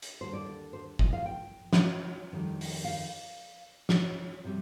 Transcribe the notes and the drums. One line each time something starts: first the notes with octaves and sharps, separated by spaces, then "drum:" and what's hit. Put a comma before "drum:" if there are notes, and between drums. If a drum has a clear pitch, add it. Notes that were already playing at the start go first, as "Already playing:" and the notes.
drum: hi-hat
D#2 D3 G3 C5
D5
D5
C5
D#5, drum: kick
F5
G5
drum: snare
F2 D#3 G3
drum: open hi-hat
F5
drum: snare
C3 G3